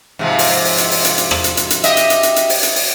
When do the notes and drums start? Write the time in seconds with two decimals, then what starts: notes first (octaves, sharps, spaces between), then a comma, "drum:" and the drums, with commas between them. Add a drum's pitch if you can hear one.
0.19 G#2 C3 F3
0.39 drum: open hi-hat
0.65 drum: open hi-hat
0.78 drum: hi-hat
0.91 drum: open hi-hat
1.05 drum: hi-hat
1.18 drum: hi-hat
1.31 drum: rim click
1.44 drum: hi-hat
1.57 drum: hi-hat
1.70 drum: hi-hat
1.84 G4 D#5 E5, drum: hi-hat
1.97 drum: hi-hat
2.10 drum: hi-hat
2.23 drum: hi-hat
2.36 drum: hi-hat
2.50 drum: open hi-hat
2.63 drum: hi-hat
2.76 drum: open hi-hat